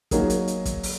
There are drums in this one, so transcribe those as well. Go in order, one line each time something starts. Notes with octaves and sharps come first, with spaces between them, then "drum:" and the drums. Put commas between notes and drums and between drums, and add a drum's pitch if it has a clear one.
F#3 A#3 D#4 G#4, drum: kick, hi-hat
drum: hi-hat
drum: hi-hat
drum: kick, hi-hat
drum: open hi-hat